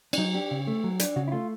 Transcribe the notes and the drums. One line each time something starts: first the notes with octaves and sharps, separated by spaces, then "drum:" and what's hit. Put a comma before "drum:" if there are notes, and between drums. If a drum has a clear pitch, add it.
D4, drum: cymbal
F#3 D#4
D4 G4
C#3
A3
F#3
D4, drum: hi-hat
C#3 F#4
E4
A3 F4